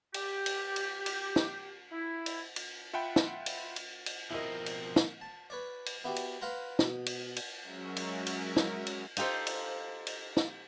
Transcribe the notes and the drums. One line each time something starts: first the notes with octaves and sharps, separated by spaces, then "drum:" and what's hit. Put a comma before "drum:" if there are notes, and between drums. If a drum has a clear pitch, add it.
G4, drum: cymbal
drum: cymbal
drum: cymbal
drum: cymbal
drum: snare
E4
drum: cymbal
drum: cymbal
F4 E5 F#5 G5 B5
drum: snare
drum: cymbal
drum: cymbal
drum: cymbal
B2 F3 C4 E4 A#4 D#5
drum: cymbal
drum: snare
A5
B4 C#5 D5
drum: cymbal
B3 E4 F#4 G4
drum: cymbal
B4 F5 F#5 A#5 C6
B2, drum: snare
drum: cymbal
drum: cymbal
F#3 G#3 C#4 F#4 A#4 E5
drum: cymbal
drum: cymbal
drum: snare
drum: cymbal
D#4 F4 G4 A4 C5, drum: cymbal
drum: cymbal
drum: cymbal
drum: snare